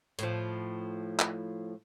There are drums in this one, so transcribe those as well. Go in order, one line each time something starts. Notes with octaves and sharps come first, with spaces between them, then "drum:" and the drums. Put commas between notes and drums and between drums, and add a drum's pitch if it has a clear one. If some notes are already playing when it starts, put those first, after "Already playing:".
A2 F3, drum: hi-hat
drum: clap